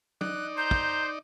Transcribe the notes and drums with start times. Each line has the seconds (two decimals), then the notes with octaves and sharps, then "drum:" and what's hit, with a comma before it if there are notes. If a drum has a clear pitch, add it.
0.21 D#4 D5 F#6, drum: tom F#3
0.57 C5 A#5 G6
0.71 drum: kick